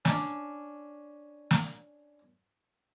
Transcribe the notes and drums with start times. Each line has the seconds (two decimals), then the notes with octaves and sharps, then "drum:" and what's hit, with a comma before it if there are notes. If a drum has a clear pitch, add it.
0.05 C#4 D4, drum: snare
1.51 drum: snare